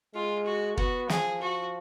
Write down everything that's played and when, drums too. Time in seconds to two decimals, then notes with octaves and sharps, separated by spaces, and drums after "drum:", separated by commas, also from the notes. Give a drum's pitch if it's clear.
0.14 G#3 F4
0.46 F#4
0.77 B3 F#4, drum: kick
1.09 F3 G#4, drum: snare
1.42 F#4